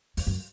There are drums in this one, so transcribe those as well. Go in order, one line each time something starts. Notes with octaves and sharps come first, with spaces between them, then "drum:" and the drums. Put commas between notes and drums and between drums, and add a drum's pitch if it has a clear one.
F2, drum: open hi-hat
F#2